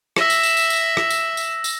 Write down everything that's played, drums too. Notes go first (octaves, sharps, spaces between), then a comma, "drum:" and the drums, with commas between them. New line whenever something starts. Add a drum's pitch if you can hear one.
E5 E6 A#6 E7, drum: rim click
drum: tambourine
drum: tambourine
drum: tambourine
drum: tambourine
drum: rim click
drum: tambourine
drum: tambourine
drum: tambourine